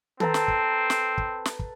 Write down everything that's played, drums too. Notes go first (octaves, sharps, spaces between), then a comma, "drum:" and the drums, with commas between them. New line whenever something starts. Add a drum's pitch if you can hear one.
C4 A4 B4 A#5, drum: tom D#3
drum: snare
drum: kick
drum: snare
drum: kick
drum: snare
drum: kick